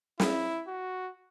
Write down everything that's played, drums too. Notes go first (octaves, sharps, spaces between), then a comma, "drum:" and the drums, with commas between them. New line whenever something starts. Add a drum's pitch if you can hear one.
E4, drum: snare
F#4